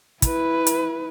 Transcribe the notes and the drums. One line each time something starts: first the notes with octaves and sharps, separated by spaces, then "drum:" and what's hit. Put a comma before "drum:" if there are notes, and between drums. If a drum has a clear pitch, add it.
E4 B4, drum: kick, hi-hat
drum: hi-hat